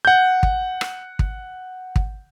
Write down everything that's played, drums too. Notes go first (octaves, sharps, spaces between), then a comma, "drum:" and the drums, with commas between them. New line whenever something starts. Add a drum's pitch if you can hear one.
F#5 G6
drum: kick
drum: rim click
drum: kick
drum: kick